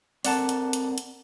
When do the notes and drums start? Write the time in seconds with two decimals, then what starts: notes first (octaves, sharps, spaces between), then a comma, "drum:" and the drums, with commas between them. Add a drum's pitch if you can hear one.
0.25 C4 A4 A#4 D5 F#5 A5, drum: open hi-hat
0.49 drum: hi-hat
0.73 drum: hi-hat
0.98 drum: hi-hat